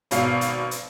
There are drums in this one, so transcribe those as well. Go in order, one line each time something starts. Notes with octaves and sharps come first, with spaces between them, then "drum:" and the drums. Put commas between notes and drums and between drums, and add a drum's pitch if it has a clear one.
G#1 B2 F5 C7, drum: hi-hat
drum: hi-hat
drum: hi-hat